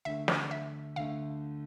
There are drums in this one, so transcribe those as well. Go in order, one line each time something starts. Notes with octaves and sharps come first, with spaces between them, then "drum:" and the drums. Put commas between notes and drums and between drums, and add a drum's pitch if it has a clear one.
D2 D3 A3 E5
drum: snare
E5
D2 D3 A3 F5